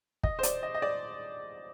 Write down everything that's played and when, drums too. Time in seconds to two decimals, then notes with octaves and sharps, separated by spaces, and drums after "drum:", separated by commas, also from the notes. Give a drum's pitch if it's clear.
0.23 D#5, drum: kick
0.39 C5
0.43 D5, drum: hi-hat
0.63 D#5
0.75 D#5
0.82 D5